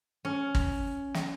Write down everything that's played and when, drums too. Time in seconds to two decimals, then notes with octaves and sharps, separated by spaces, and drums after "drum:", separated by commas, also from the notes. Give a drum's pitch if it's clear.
0.25 C#4
0.55 drum: kick G#1
1.14 drum: snare